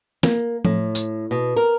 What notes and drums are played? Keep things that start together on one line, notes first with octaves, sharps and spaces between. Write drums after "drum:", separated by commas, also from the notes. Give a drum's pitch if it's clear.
A#3, drum: snare
A2, drum: tom F3
drum: tambourine
B2
A#4